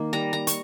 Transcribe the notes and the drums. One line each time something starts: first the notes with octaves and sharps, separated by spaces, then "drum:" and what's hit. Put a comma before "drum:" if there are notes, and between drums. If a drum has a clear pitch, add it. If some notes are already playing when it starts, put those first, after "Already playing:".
Already playing: D#3 A#3
G3 A#5
A#5
C#6, drum: hi-hat